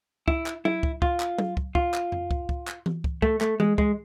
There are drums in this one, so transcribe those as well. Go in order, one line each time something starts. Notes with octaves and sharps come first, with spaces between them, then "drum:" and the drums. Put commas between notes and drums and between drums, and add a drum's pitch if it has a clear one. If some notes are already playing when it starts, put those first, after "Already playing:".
E4, drum: kick
drum: clap
E4, drum: tom F#3
drum: kick
F4, drum: kick
drum: clap
drum: tom F#3
drum: kick
F4, drum: kick
drum: clap
drum: tom F2
drum: kick
drum: kick
drum: clap
drum: tom E3
drum: kick
A3, drum: kick
A3, drum: clap
G#3, drum: tom E3
G#3, drum: kick